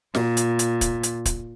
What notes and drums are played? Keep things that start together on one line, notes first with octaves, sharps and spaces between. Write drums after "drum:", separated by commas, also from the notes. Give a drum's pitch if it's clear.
A#2, drum: snare
drum: hi-hat
drum: hi-hat
drum: kick, hi-hat
drum: hi-hat
drum: kick, hi-hat